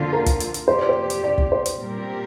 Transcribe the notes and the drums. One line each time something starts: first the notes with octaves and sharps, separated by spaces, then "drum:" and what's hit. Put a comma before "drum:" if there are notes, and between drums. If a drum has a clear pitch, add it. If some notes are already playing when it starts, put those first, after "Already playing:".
Already playing: F2 D3 A#3 F4
A#4
drum: kick, hi-hat
drum: hi-hat
drum: hi-hat
F2 C3 A#3 G4 C5
D5
C5
drum: hi-hat
D5
drum: kick
C5
drum: hi-hat
A#2 G3 C4 G4 A#4